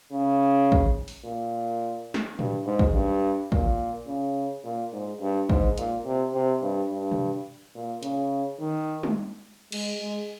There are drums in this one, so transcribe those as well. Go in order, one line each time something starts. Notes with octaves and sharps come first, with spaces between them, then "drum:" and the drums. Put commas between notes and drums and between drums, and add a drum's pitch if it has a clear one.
C#3
drum: kick
drum: open hi-hat
A#2
drum: snare
G2, drum: tom
G#2
drum: kick
G2
A#2, drum: kick
C#3
A#2
G#2
G2
G#2, drum: kick
A#2, drum: hi-hat
C3
C3
G2
G2
drum: tom B2
A#2
C#3, drum: hi-hat
D#3
drum: tom
G#3, drum: cymbal
G#3